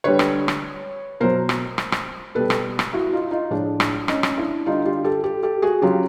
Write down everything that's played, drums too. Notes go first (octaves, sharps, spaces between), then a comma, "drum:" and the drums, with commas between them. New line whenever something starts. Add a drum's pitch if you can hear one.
D3 G3 B4 C#5
drum: rim click
drum: rim click
B2 F#3 A#4 C5
drum: rim click
drum: rim click
drum: rim click
B2 G3 A4 B4
drum: rim click
drum: rim click
E4 F#4
D#4 F4
D#4 F4
A2 F3 G#3 D4
drum: rim click
C#4 D#4, drum: rim click
drum: rim click
D4 E4
D3 G3 D#4 F4
F4 G4
G4 A4
G4 A4
G4 A4
F#4 G#4
C#3 F#3 F4 G4